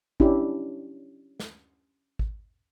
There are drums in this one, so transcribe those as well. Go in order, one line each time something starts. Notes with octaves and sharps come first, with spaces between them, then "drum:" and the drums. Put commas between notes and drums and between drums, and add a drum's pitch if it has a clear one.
C#4 D4 E4 G4, drum: kick G#1
drum: snare
drum: kick G#1